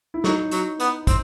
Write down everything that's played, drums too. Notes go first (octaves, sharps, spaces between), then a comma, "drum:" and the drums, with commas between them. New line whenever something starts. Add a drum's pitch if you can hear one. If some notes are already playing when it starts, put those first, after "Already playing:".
E4
F#3 D#4, drum: snare
F#3, drum: hi-hat
B3, drum: hi-hat
C4, drum: kick, hi-hat